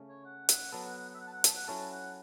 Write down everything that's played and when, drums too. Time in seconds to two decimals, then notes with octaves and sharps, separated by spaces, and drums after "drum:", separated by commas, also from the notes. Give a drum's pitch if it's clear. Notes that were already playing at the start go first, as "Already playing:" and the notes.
Already playing: C#3 A3 C#4
0.09 C#5
0.25 F#5
0.49 F#5, drum: hi-hat
0.72 F#3 B3 A4 A5
0.84 F#5
0.97 F#5
1.08 F#5
1.14 E5
1.20 F#5
1.27 A5
1.33 F#5
1.44 A5, drum: hi-hat
1.55 F#5
1.68 F#3 C#4 E4 A4 A5
1.92 F#5